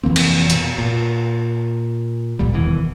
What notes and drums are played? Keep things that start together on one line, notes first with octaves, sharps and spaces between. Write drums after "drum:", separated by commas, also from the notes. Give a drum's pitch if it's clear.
F1 E3 A#3 C4
drum: cymbal
B2, drum: hi-hat
A#2
F1 C2 A#2 G3
E1 D#2 B2 E3